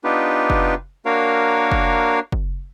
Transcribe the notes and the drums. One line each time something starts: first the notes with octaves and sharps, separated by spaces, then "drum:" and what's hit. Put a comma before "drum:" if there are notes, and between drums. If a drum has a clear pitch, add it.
B3 D4 D#4 F4 G4 B4
drum: kick F#1
A#3 D4 F#4 A#4 C#5 F5
drum: kick F#1
drum: kick F#1